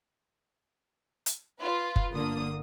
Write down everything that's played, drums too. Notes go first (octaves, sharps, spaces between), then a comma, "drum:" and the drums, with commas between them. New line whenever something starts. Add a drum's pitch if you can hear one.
drum: hi-hat
F4 B4
drum: kick F#1
G1 D3 A#3 D#6